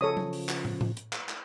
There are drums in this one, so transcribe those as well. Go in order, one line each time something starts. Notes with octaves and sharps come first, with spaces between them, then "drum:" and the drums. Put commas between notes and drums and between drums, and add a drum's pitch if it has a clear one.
C#3 F3 A4 C#5 D#6
drum: tom F#3
drum: open hi-hat
drum: clap
drum: tom
drum: tom A2
drum: hi-hat
drum: clap
drum: clap